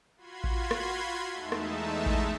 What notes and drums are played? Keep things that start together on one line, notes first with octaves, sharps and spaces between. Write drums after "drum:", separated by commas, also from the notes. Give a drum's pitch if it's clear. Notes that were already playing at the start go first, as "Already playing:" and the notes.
F4 F#4 B5 C6 G#6
drum: kick A1
drum: rim click
E2 G#3 A3 D#4 E5 A5
drum: rim click
drum: kick A1